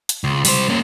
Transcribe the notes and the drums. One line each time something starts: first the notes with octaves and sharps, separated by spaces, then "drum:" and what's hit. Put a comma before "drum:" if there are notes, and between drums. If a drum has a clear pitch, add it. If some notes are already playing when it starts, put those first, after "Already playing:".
drum: hi-hat
C#2
G3 C5, drum: open hi-hat
A#3 C#4